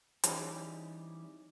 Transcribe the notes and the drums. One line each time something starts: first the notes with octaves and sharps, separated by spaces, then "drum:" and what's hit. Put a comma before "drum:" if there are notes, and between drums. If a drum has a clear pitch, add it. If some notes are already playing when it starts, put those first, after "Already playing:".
E3 G3 C4 C#4 D#4 G#4, drum: hi-hat